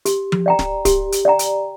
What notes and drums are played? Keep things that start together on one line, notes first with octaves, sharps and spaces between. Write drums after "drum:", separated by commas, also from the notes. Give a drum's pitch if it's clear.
G4, drum: hi-hat
drum: tom F3
D5 G5 A#5
drum: snare
G4, drum: kick D1, hi-hat
drum: hi-hat
D5 G5 A#5
drum: hi-hat